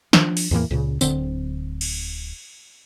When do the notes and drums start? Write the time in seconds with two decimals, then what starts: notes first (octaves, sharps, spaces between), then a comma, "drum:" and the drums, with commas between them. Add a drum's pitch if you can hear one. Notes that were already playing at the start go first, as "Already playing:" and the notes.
0.13 F3 D4, drum: snare
0.37 drum: open hi-hat
0.51 E2 A2 E3 A#3
0.71 C#2 A#2 C#3
1.01 D1 D3 C4, drum: tambourine
1.81 drum: cymbal